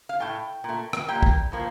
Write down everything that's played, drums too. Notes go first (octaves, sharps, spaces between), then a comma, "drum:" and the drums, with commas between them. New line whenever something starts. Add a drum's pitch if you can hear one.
F5
A2 A3 G5
A#2 A3
drum: rim click
A#2 G3 A#3 G5
drum: kick
A2 F3 A#3